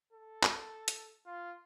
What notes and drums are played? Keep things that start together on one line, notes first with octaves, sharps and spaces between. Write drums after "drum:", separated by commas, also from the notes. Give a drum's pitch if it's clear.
A4
drum: clap
drum: hi-hat
F4